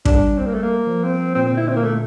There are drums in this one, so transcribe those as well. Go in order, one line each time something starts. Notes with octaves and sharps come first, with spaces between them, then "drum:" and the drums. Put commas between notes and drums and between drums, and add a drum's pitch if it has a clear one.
G3 D4, drum: kick
C4
A#3
A3
A#3
F3
C4
A#2 C4
C4
D3
E4
C4
A#3
A3